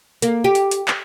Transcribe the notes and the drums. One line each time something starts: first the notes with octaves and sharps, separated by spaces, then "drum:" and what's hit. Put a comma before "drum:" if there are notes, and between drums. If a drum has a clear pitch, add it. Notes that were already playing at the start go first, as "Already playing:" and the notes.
A#3, drum: hi-hat
G4
drum: hi-hat
drum: hi-hat
drum: clap